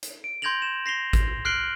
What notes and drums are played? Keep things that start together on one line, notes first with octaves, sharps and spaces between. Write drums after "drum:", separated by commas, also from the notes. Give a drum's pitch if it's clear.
drum: hi-hat
D7
C6 G6 G#6 A#6 F7 F#7
E7
A#6 C7 F7 G7
drum: kick G#1, hi-hat
F6 F#6 C7 D7 F#7 G7